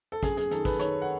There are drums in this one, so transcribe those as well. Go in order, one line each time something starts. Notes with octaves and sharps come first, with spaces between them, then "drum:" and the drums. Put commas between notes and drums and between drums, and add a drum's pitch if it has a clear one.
A4
F#2 G#4, drum: kick, hi-hat
G#4, drum: hi-hat
D#3 A4, drum: hi-hat
B4, drum: kick, open hi-hat
D#3 C#5, drum: hi-hat
F#5